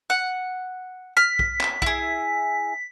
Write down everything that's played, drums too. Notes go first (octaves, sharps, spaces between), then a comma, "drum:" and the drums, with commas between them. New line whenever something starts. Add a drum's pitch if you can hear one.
F#5
F6 B6
drum: kick
drum: clap
E4 G#4, drum: kick